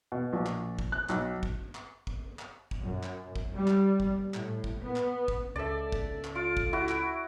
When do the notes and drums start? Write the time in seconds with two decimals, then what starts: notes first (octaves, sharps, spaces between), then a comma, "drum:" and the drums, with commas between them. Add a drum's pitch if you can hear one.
0.12 B2
0.33 A#1
0.46 drum: clap
0.79 drum: kick
0.92 F#6
1.09 B1, drum: clap
1.43 drum: kick
1.75 drum: clap
2.07 drum: kick
2.39 drum: clap
2.71 drum: kick
2.81 F#2
3.03 drum: clap
3.36 drum: kick
3.54 G3
3.68 drum: clap
4.00 drum: kick
4.34 A2, drum: clap
4.64 drum: kick
4.82 B3
4.96 drum: clap
5.28 drum: kick
5.56 C#2 A4 D5 E5
5.92 drum: kick
6.25 drum: clap
6.35 F4 D7
6.57 drum: kick
6.73 E4 F#4
6.89 drum: clap